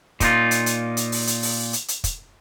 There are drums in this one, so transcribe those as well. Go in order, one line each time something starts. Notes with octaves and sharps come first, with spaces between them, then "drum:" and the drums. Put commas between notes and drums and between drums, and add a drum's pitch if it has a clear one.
A#2 D#4 F4, drum: kick, hi-hat
drum: hi-hat
drum: hi-hat
drum: hi-hat
drum: open hi-hat
drum: hi-hat
drum: open hi-hat
drum: hi-hat
drum: hi-hat
drum: kick, hi-hat